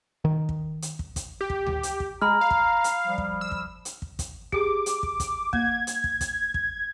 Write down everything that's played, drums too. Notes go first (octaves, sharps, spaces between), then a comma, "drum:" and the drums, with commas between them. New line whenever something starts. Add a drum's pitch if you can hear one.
D#3
drum: kick
drum: hi-hat
drum: kick
drum: kick, hi-hat
G4
drum: kick
drum: tom D2
drum: hi-hat
drum: kick
G#3 A#5 B5 F6
F5
drum: kick
drum: hi-hat
F3 G3
drum: kick
E6
drum: kick
drum: hi-hat
drum: kick
drum: kick, hi-hat
G4 G#4 D6, drum: kick
drum: hi-hat
drum: kick
drum: kick, hi-hat
A#3 G#6, drum: kick
drum: hi-hat
drum: kick
drum: kick, hi-hat
drum: kick